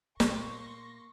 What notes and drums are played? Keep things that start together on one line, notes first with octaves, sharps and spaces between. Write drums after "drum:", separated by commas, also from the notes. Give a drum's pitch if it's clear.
A#2 A#3 C6 C#6 A#6, drum: snare